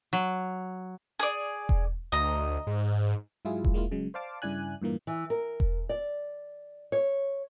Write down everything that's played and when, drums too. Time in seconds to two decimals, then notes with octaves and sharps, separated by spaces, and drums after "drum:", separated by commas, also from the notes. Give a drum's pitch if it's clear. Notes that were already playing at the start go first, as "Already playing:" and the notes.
0.13 F#3
1.20 G#4 D5
1.69 drum: kick E1
2.12 D2 D#5 A#5
2.67 G#2
3.45 G#2 F#3 E4 F4 G#4
3.64 drum: kick E1
3.74 G#3 A#3 E4 F4
3.91 C#3 F#3 G#3
4.14 C5 D5 F5 A5 D6
4.42 G2 C#3 E4 D5 G#5 F#6
4.82 G2 A#2 E3 A#3
5.07 E3
5.30 A#4
5.60 drum: kick E1
5.89 D5
6.92 C#5